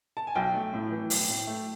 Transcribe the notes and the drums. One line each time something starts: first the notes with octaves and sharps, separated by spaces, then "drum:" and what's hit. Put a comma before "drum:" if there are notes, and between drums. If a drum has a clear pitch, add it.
A5
G#5
B1 G5
A3
A2
E3
B1, drum: open hi-hat
A2
A3